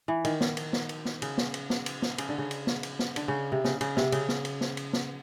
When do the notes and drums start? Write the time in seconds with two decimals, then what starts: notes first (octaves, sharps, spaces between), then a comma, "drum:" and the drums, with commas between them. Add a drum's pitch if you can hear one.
0.08 E3
0.25 D#3, drum: cymbal
0.41 drum: snare
0.57 drum: cymbal
0.73 drum: snare
0.89 drum: cymbal
1.05 drum: snare
1.22 C#3, drum: cymbal
1.38 drum: snare
1.54 drum: cymbal
1.70 drum: snare
1.86 drum: cymbal
2.02 drum: snare
2.18 C#3, drum: cymbal
2.29 D3
2.38 C#3
2.51 drum: cymbal
2.67 drum: snare
2.83 drum: cymbal
2.99 drum: snare
3.16 D3, drum: cymbal
3.28 C#3
3.52 C3
3.64 C#3, drum: snare
3.81 C#3, drum: cymbal
3.97 C3, drum: snare
4.12 C#3, drum: cymbal
4.29 drum: snare
4.45 drum: cymbal
4.61 drum: snare
4.77 drum: cymbal
4.93 drum: snare